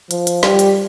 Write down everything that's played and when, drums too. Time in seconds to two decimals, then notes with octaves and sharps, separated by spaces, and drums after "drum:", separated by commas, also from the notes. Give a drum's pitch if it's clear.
0.11 F3, drum: hi-hat
0.27 drum: hi-hat
0.43 G3, drum: snare
0.59 drum: hi-hat